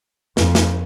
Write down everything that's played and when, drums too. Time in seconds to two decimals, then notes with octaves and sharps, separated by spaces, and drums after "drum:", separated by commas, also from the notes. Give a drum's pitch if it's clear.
0.37 F2, drum: snare
0.55 drum: snare